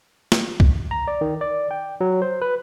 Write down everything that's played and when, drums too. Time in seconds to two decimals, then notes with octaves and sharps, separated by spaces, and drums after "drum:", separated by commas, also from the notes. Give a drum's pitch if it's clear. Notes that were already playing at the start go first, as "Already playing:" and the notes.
0.32 drum: snare
0.60 drum: kick C2
0.91 A#5
1.08 D5
1.21 D#3
1.41 D5
1.71 G5
2.01 F#3
2.22 C5
2.42 B4